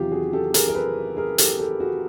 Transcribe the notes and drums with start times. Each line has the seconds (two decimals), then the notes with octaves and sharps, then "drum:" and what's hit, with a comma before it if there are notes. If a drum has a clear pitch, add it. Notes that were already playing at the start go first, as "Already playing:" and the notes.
Already playing: E2 C3 D#3 F#3 F4 G4
0.11 F#4 G#4
0.33 G4 A4
0.54 G#4 A#4, drum: hi-hat
0.69 A#4
0.75 A4 B4
1.17 G#4 A#4
1.38 G4 A4, drum: hi-hat
1.59 G4 A4
1.80 F#4 G#4